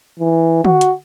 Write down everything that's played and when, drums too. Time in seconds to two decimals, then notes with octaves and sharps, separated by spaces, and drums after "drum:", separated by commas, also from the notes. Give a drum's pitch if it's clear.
0.19 E3
0.64 F#4, drum: tom
0.81 drum: hi-hat